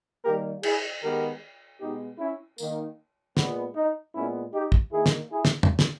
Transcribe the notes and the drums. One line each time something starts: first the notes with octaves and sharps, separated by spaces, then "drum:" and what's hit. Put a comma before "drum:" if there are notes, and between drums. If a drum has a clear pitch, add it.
D#3 G3 A#3 G4 A#4
E4 G#4, drum: cymbal
D#3 G#3 B3 G4 A#4
B2 G#3 B3 D#4 G4
C#4 E4
D#3 A#3, drum: tambourine
A#2 G#3 B3, drum: snare
D#4
A#2 G#3 B3 C#4 E4
D#4 G4
drum: kick
D#3 A#3 E4 G#4
drum: snare
E4 G#4
drum: snare
drum: tom
drum: snare